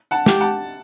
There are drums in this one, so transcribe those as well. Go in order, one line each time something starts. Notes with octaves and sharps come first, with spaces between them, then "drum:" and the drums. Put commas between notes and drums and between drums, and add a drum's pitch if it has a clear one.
F#5 A5
G4, drum: snare
F#5 A5